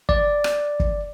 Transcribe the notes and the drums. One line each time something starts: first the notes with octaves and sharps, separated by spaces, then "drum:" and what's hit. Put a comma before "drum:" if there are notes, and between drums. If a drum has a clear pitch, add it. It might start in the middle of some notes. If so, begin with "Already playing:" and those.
D5, drum: kick
drum: rim click
drum: kick